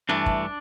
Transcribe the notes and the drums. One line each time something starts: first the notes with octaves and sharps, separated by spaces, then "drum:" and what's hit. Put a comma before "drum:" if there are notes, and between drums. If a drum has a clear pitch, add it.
G2 E3 A3 D4
drum: kick